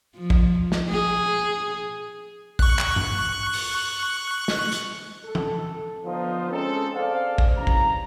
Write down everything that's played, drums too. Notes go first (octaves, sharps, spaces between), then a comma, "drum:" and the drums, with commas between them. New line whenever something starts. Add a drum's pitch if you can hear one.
F3
drum: kick A1
drum: snare
G#4
C#6 F#6, drum: kick A1
drum: clap
drum: tom G2
drum: open hi-hat
drum: snare
drum: hi-hat
A4
drum: tom E3
D3 F3 B3 D#4 F4 C5
G#3 C4 C#4 D#4 A4
G#4 A4 C5 D5 F5
drum: kick A1
C2 G2 C#4 A#5
drum: kick A1